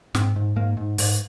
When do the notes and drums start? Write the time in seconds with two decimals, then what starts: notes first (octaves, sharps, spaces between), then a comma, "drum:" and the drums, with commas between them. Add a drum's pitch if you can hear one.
0.15 G#2 C4, drum: snare
0.36 G#2
0.56 G#2 A#3
0.77 G#2
0.98 G#2, drum: open hi-hat